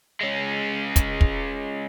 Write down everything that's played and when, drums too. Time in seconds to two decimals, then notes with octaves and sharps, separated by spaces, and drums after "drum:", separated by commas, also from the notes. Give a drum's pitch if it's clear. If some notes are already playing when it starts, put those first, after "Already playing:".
0.21 G#3 C#4
0.96 drum: kick, hi-hat
1.21 drum: kick